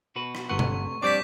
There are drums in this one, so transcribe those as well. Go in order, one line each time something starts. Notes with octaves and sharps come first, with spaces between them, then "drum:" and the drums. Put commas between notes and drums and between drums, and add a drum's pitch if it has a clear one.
B2 F#4 B4
drum: rim click
G1 C3 A3 B4 F#5 C#6
drum: tom B2
F2 G3 C4 D4 D5 D6 G6 B6